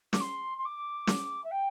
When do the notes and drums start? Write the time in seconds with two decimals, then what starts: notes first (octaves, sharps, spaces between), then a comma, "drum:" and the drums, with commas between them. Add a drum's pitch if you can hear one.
0.13 D6, drum: snare
0.21 C6
0.58 C6
0.65 D6
1.07 drum: snare
1.44 E5
1.51 G5